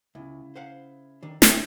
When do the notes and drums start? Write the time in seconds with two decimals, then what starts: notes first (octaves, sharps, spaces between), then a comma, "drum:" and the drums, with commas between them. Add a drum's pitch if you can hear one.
0.15 C#2 C#3 E4
0.55 C5 F5 F#5
1.23 D#3 D4
1.42 C#5 E5 G5 G#5, drum: snare